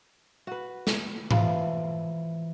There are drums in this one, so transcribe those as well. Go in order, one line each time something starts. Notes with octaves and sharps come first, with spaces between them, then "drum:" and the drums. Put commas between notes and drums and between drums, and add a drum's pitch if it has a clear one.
F#4 B4
drum: snare
E3 F3 F4, drum: tom G#2